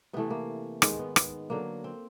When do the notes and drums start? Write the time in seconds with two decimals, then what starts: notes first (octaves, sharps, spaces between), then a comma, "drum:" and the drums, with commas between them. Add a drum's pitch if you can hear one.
0.13 C3 E3 A3 B3
0.30 A#3
0.82 G#2 D#3 G#3 B3, drum: rim click
0.99 B3
1.16 B3, drum: rim click
1.50 D3 F#3 A#3
1.84 C4